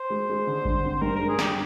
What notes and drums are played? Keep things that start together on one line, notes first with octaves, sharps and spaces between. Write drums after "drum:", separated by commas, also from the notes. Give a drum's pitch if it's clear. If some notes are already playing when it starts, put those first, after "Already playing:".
Already playing: C5
G#3
G#3
D3
G2, drum: kick G#1
C4
G2 A#4
G#3 A#4
G#4
G2 G4, drum: snare